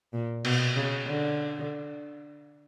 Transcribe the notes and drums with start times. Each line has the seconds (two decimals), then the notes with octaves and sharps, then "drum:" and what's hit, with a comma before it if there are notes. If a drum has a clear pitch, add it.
0.13 A#2
0.45 B2, drum: cymbal
0.76 C#3
1.07 D3